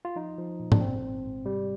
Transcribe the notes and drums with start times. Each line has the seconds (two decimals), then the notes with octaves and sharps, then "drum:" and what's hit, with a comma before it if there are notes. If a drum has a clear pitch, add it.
0.05 F4
0.16 F3 D#4
0.38 F3
0.60 A#2
0.72 D4, drum: tom G#2
0.81 G#1 C4
1.03 G#1
1.24 G#2
1.46 C3 G3